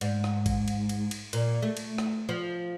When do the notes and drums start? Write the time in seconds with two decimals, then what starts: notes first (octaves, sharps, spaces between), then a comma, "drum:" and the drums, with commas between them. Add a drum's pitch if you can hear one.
0.01 G#2, drum: cymbal
0.24 drum: rim click
0.46 drum: kick, cymbal
0.68 drum: cymbal
0.89 drum: cymbal
1.11 drum: cymbal
1.33 A#2, drum: cymbal
1.62 A3
1.77 drum: cymbal
1.98 drum: rim click
2.29 F3